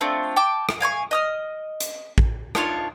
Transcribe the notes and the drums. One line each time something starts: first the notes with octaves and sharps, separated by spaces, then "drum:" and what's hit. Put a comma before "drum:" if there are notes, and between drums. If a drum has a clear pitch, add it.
A3 C4 D4 F4
G5 A5 D6
drum: rim click
F5 G#5 B5 C#6
D#5 D#6 F6
drum: hi-hat
drum: kick
D4 D#4 F4 C#5, drum: rim click